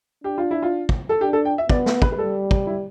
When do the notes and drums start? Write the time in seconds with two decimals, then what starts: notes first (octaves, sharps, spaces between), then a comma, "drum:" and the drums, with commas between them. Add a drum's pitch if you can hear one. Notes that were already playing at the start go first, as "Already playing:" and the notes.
0.24 D4 G4
0.38 F4
0.51 E4
0.63 F4
0.89 drum: kick
1.09 A4
1.21 D4 G4
1.33 A4
1.45 G5
1.58 E5
1.69 B3 D5, drum: kick
1.86 drum: snare
2.02 B4, drum: kick
2.12 B4
2.18 G3 A4
2.51 drum: kick
2.67 E4